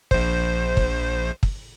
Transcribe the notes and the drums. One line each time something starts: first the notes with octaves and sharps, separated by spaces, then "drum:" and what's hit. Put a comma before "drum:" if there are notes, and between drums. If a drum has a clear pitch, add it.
A#1 C5, drum: kick
drum: kick
drum: kick